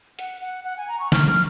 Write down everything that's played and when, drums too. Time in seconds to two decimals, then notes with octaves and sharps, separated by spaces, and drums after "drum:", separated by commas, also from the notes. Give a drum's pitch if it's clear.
0.19 F#5, drum: hi-hat
0.41 F#5
0.64 F#5
0.77 G#5
0.88 A#5
1.00 C#6
1.12 F6, drum: snare
1.28 F6, drum: tom